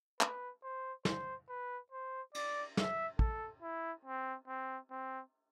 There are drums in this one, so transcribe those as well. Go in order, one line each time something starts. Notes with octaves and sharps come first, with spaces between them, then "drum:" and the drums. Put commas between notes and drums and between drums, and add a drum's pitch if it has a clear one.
B4, drum: clap
C5
C5, drum: snare
B4
C5
D5, drum: cymbal
E5, drum: snare
A4, drum: kick
E4
C4
C4
C4